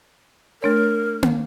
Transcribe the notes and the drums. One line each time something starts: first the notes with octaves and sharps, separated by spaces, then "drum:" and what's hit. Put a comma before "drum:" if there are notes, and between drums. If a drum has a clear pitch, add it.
A3 D4 A#4 C#5
drum: tom A#3